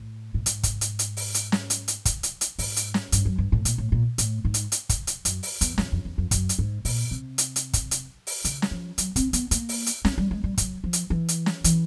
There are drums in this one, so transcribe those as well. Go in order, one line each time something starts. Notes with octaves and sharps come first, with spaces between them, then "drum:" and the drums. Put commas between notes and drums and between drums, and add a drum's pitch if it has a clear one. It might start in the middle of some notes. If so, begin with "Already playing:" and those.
Already playing: A2
A2
G#2, drum: hi-hat
drum: kick, hi-hat
drum: hi-hat
drum: hi-hat
drum: open hi-hat
drum: hi-hat
drum: snare
drum: hi-hat
drum: hi-hat
drum: kick, hi-hat
drum: hi-hat
drum: hi-hat
G#2, drum: open hi-hat
drum: hi-hat
drum: snare
G2, drum: hi-hat
F#2
G2
A2
A#2, drum: hi-hat
A2
A#2
A2, drum: hi-hat
G#2
drum: hi-hat
drum: hi-hat
drum: kick, hi-hat
drum: hi-hat
F#2, drum: hi-hat
drum: open hi-hat
E2, drum: hi-hat
F2, drum: snare
F2
E2
F2
F#2, drum: kick, hi-hat
drum: hi-hat
G#2
A#2, drum: open hi-hat
C3
drum: hi-hat
drum: hi-hat
drum: kick, hi-hat
drum: hi-hat
drum: open hi-hat
C#3, drum: hi-hat
drum: snare
F3
F#3, drum: hi-hat
C4, drum: kick, hi-hat
B3, drum: hi-hat
A#3, drum: hi-hat
drum: open hi-hat
drum: hi-hat
C#4, drum: snare
G3
G#3
G3
F#3, drum: kick, hi-hat
F3
drum: hi-hat
E3
drum: hi-hat
drum: snare
E3, drum: hi-hat